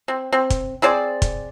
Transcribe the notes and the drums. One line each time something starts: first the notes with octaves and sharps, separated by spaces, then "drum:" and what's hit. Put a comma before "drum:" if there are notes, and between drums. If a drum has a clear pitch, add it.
C4
C4
drum: kick, hi-hat
C4 G#4 C5 D5
drum: kick, hi-hat